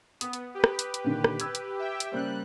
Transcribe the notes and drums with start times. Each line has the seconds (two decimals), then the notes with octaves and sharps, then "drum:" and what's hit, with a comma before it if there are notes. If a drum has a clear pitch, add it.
0.21 B3 D#6, drum: hi-hat
0.33 drum: hi-hat
0.55 G4 B4
0.64 drum: rim click
0.79 drum: hi-hat
0.94 drum: hi-hat
1.04 A#2 D3 D#3
1.24 drum: rim click
1.40 E6 G#6, drum: hi-hat
1.55 drum: hi-hat
1.77 G4 E5 G5
2.00 drum: hi-hat
2.12 C#3 G3 A#3 C5 F#6